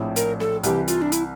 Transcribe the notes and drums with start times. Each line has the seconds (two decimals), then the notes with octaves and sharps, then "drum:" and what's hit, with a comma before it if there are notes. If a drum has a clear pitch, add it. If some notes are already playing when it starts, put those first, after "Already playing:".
Already playing: A#1 A2 F3 C4 E4
0.16 A#4, drum: hi-hat
0.40 A4, drum: snare C4
0.63 C2 C3 E3 G4, drum: hi-hat
0.88 F4, drum: hi-hat
1.02 D4
1.12 E4, drum: hi-hat